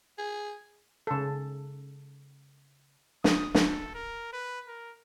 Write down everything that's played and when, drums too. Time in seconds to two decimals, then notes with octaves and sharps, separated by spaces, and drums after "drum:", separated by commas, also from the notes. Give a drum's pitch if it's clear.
0.18 G#4
1.07 C#3 A4
3.24 D#6, drum: snare
3.54 A4, drum: snare
3.94 A#4
4.33 B4
4.68 A#4